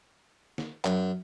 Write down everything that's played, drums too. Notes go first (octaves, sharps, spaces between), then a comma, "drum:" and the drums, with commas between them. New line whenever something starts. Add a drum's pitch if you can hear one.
drum: snare
F#2, drum: clap